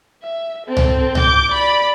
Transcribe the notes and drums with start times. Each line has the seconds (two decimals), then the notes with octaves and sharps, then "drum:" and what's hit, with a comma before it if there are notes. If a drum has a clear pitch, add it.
0.23 E5
0.66 C4 A4
0.77 drum: tom C2
1.15 D6 G6, drum: tom C2
1.51 D5 B5